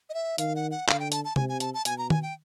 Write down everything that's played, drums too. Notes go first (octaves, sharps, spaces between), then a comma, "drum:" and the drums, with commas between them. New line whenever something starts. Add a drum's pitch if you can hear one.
D#5
E5
D#3 F5, drum: hi-hat
F#5
F#5
D3 F5, drum: clap
G5
A5, drum: hi-hat
A5
C3 G#5, drum: tom C3
G#5
A5, drum: hi-hat
A5
B2 G#5, drum: hi-hat
A#5
G#5, drum: tom D#3
G5